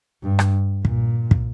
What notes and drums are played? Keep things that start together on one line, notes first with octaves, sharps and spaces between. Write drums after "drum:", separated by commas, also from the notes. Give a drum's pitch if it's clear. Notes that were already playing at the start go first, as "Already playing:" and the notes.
G2
drum: rim click
A#2, drum: kick
drum: kick